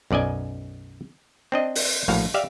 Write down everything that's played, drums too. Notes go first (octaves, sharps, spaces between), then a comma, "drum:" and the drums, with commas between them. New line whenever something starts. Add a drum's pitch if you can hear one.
B1 F#2 D5 D#5 G#5
C4 D4 D#5
drum: open hi-hat
A#1 A2 F#4 F5
G4 D5 E5 F5